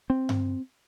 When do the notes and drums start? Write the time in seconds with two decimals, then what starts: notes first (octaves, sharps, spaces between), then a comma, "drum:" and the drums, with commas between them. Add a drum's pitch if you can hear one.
0.10 C4
0.29 drum: tom G2